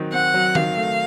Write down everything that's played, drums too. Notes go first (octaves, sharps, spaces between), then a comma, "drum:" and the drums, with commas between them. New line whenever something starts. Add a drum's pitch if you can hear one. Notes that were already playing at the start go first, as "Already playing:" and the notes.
Already playing: D#3 F#3 C4
C4 F#5
F#3
D#3 F5, drum: tom D#3
A3